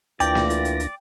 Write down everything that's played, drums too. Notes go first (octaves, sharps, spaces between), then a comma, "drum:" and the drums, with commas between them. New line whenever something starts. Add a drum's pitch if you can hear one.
D2 E3 A#3 D4 F4 D5 G5 A#6, drum: hi-hat
drum: snare
drum: hi-hat
drum: hi-hat
drum: hi-hat